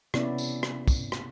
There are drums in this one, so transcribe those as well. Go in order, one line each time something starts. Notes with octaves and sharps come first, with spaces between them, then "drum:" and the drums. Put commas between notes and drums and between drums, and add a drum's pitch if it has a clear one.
C3 B3 C#4 E4 D5, drum: rim click
drum: tambourine
drum: rim click
drum: kick, tambourine
drum: rim click